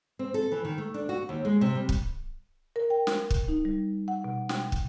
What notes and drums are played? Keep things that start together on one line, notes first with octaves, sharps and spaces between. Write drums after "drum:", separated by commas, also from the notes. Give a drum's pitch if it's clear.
C4
A4
E3
D#3
A3
D4
F#4
D#2
G#3
C3
G3
drum: kick
A#4
G5
drum: snare
drum: kick
D#4
G3
F#5
B2
G5, drum: snare
drum: kick